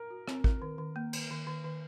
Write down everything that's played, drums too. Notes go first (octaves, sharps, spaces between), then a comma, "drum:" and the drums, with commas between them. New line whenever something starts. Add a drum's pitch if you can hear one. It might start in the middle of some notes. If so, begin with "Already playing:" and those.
Already playing: A#4
F#4
C4, drum: rim click
A#4, drum: kick
D#3
D#3
A#3
D#3, drum: cymbal
D#3
D#3
D#3